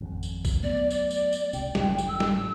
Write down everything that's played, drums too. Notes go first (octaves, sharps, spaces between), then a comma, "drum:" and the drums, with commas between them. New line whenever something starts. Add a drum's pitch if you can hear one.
G#1 F2
drum: tambourine
drum: kick A#1, tambourine
F#3 A3 B3 D5
D5, drum: tambourine
drum: tambourine
drum: tambourine
C#2 C3 G5, drum: tambourine
G#1 F#2 A2, drum: snare
drum: tambourine
E6
drum: snare